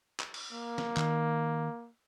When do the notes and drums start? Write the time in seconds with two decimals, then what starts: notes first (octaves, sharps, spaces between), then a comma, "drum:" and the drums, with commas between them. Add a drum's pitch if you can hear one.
0.20 drum: clap
0.34 drum: cymbal
0.53 A#3
0.78 drum: snare
0.97 D#3, drum: clap